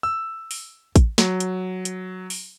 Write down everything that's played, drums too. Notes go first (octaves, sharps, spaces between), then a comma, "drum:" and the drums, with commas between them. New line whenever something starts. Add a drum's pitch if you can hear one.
E6
drum: open hi-hat
drum: kick A1, hi-hat
F#3, drum: snare
drum: hi-hat
drum: hi-hat
drum: open hi-hat